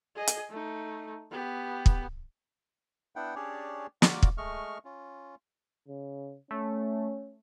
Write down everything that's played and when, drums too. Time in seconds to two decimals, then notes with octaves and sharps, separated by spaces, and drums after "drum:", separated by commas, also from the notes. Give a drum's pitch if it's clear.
0.16 G#4 D#5
0.27 drum: hi-hat
0.50 A3 D#4
1.31 B3 G4
1.86 drum: kick
3.16 B3 D4 E4 F#5 G5
3.35 C#4 D4 G4 G#4 C#5 D5
4.02 A#3 F4 F#4 A#4 D5 D6, drum: snare
4.23 drum: kick
4.38 G#3 A3 D#5 C#6 F6
4.85 C#4 F4
5.88 C#3
6.51 A3 C#4